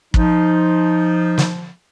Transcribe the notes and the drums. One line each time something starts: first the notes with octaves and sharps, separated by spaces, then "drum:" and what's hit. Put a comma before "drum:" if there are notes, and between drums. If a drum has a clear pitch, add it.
F3 D#4, drum: kick
drum: snare